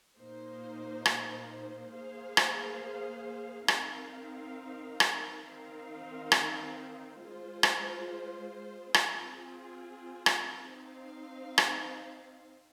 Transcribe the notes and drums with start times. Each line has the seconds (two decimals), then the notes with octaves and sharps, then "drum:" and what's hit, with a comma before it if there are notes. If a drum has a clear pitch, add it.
0.18 A#2 A#3 D#4 C5
1.05 drum: rim click
1.93 A#3 G#4 C5 F5
2.37 drum: rim click
3.68 C4 D#4 A#4 F5, drum: rim click
5.00 drum: rim click
5.44 D#3 C4 D#4 A#4 F5
6.32 drum: rim click
7.19 G#3 F4 C5
7.63 drum: rim click
8.94 C4 F4 G#4, drum: rim click
10.26 drum: rim click
10.70 C4 D#4 C5 F5
11.58 drum: rim click